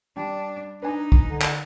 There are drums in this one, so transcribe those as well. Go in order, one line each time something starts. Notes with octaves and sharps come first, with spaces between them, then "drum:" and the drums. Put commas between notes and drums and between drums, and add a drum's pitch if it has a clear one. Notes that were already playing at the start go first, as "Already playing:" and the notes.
G3 D4
D4 D#4 B4 G#5 A#5
drum: kick
D3
drum: clap